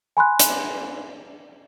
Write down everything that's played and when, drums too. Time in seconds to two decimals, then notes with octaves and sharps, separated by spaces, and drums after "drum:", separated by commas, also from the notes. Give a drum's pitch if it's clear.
0.17 G#5 B5 C6 F#6
0.39 drum: hi-hat